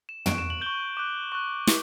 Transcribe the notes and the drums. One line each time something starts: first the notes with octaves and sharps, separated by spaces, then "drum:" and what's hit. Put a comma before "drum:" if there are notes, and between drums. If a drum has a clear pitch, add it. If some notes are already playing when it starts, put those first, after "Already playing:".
E7
C#6 F#6 D7, drum: tom
E7
F#7
C#6 G6 G7
D6 F#6
C#6 F#6
D6, drum: snare